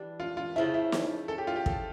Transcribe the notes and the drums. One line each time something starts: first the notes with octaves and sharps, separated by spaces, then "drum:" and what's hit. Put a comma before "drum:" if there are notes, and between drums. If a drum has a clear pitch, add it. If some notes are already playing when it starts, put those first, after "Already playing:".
Already playing: E3 G3 D4
F4
F4
C#3 F3 A3 E4
E4
drum: snare
A4
G4
F4
G4
A4, drum: kick